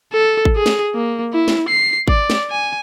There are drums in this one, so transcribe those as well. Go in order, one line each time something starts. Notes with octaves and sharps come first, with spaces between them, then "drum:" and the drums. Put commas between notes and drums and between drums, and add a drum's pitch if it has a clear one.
A4
drum: kick G#1
G#4
drum: snare
A#3
E4
drum: snare
C7
D5, drum: kick G#1
drum: snare
G#5